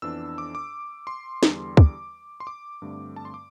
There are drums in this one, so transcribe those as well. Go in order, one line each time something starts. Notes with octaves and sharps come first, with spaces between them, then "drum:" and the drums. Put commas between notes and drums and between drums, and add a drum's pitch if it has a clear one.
F2 E3 B3 D4 E6
D6
D6
C6
E2 D3 G3, drum: snare
D6, drum: kick
C6
D6
G2 D3 A3 C4
A5
C6
D6